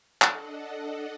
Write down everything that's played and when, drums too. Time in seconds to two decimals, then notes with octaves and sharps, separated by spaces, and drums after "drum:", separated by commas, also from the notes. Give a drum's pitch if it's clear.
0.22 D4 A4 D#5 F#5, drum: clap